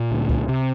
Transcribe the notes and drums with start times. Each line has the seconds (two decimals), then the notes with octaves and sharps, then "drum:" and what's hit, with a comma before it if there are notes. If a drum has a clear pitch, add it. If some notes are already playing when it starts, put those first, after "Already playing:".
Already playing: A#2 A#3
0.12 D2
0.30 drum: kick C2
0.48 C3